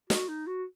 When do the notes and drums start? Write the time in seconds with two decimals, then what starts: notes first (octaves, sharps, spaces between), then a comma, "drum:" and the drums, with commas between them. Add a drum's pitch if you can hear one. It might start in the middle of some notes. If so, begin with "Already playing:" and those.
0.10 F#4, drum: snare
0.29 D#4
0.47 F#4